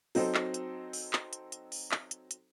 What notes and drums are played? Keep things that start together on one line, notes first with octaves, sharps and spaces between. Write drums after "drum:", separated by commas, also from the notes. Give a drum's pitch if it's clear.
F#3 C4 D#4 A4 C5, drum: open hi-hat
drum: clap
drum: hi-hat
drum: open hi-hat
drum: clap
drum: hi-hat
drum: hi-hat
drum: open hi-hat
drum: clap
drum: hi-hat
drum: hi-hat